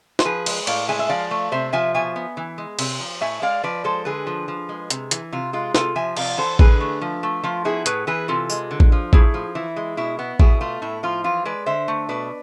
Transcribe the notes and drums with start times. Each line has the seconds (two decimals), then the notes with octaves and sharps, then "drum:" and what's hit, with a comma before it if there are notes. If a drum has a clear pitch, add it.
0.19 C5, drum: snare
0.25 F3 G#4 B4
0.46 G#3, drum: cymbal
0.67 A2 D5 F5, drum: cymbal
0.88 G#3 E5 G#5
0.99 E5
1.10 F3 D5 F5
1.31 A3
1.52 C3 C5 E5
1.73 F3 E5 G#5
1.94 B2 E5 G#5
2.16 B3
2.37 E3
2.58 G#3
2.79 C3, drum: cymbal
3.00 F3
3.21 A2 E5 G#5
3.42 G#3 D5 F5
3.64 F3 B4 D5
3.84 G#3 A4 C5
4.05 D3 G#4 B4
4.27 F3
4.48 F3
4.69 G#3
4.90 C3, drum: hi-hat
5.11 E3, drum: hi-hat
5.33 C3 F4
5.53 G#3 F4
5.75 C3 F4 A4, drum: snare
5.96 F3 E5 G#5
6.17 C3 D5 F5, drum: cymbal
6.38 E3 A4 C5
6.59 D3 G#4 B4, drum: kick A1
6.80 A3
7.01 F3
7.23 A3
7.44 F3 F4
7.65 B3 E4 G#4
7.86 A2 G#4 B4, drum: hi-hat
8.07 E3 G#4 B4
8.28 C3 F4 A4
8.50 G#3, drum: tambourine
8.71 D3
8.80 drum: kick A1
8.92 F3
9.13 A2 E4 G#4, drum: kick A1
9.34 F3
9.55 E3 E4
9.76 G#3
9.97 B2 E4
10.19 B3 E4
10.40 B2 E4 G#4, drum: kick A1
10.61 A3 F4
10.82 A2 E4
11.03 F3 F4
11.24 E3 F4
11.45 G#3 B4 D5
11.66 D3 C5 E5
11.88 A3
12.09 B2 B4 D5